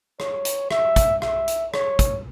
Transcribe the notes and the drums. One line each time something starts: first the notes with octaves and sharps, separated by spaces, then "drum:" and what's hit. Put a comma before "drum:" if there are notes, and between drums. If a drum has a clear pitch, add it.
C#5, drum: rim click
drum: hi-hat
E5, drum: rim click
drum: kick, hi-hat
E5, drum: rim click
drum: hi-hat
C#5, drum: rim click
drum: kick, hi-hat